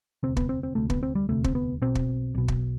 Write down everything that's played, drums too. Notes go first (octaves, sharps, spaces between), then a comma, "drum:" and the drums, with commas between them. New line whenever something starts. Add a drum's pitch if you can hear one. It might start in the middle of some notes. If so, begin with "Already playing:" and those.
E1 D2 C3 C4
B3, drum: kick
C4
C4
E1 D2 C3 A3
B3, drum: kick
C4
G3
E1 D2 C3 A3
C4, drum: kick
B3
B1 B2 C4
drum: kick
B1 B2
drum: kick